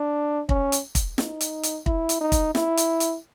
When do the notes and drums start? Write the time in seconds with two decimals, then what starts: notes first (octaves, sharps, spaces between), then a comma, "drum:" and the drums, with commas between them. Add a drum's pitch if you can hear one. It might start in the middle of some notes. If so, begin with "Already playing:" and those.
Already playing: D4
0.49 C#4, drum: kick
0.72 drum: hi-hat
0.95 drum: kick, hi-hat
1.18 D#4, drum: snare
1.41 drum: hi-hat
1.63 drum: hi-hat
1.86 E4, drum: kick
2.09 drum: hi-hat
2.21 D#4
2.32 drum: kick, hi-hat
2.55 E4, drum: snare
2.77 drum: hi-hat
3.00 drum: hi-hat